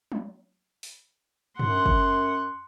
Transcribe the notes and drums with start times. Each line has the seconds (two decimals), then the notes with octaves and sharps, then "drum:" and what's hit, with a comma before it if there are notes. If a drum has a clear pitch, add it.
0.12 drum: tom F#3
0.83 drum: open hi-hat
1.59 F#2 F#5 C6, drum: tom G2
1.86 drum: kick